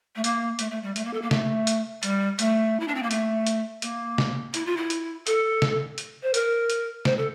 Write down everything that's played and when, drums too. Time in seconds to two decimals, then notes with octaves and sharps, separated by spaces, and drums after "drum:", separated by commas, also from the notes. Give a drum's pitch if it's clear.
0.16 A3
0.24 A#3, drum: hi-hat
0.59 A3, drum: hi-hat
0.71 A3
0.83 G3
0.96 A3, drum: hi-hat
1.05 A#3
1.14 A4
1.22 A#3
1.31 A3, drum: snare
1.67 drum: hi-hat
2.03 G3, drum: hi-hat
2.39 A3, drum: hi-hat
2.80 E4
2.88 D4
2.95 C4
3.03 A#3
3.11 A3, drum: hi-hat
3.47 drum: hi-hat
3.82 A#3, drum: hi-hat
4.18 drum: snare
4.54 E4, drum: hi-hat
4.66 F4
4.77 E4
4.90 drum: hi-hat
5.27 A4, drum: hi-hat
5.62 drum: snare
5.98 drum: hi-hat
6.23 C5
6.34 A#4, drum: hi-hat
6.70 drum: hi-hat
7.05 C5, drum: snare
7.18 A4